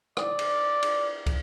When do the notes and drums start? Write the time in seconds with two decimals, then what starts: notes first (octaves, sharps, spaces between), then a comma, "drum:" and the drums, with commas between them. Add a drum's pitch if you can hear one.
0.17 D5, drum: rim click
0.39 drum: cymbal
0.83 drum: cymbal
1.26 drum: kick, cymbal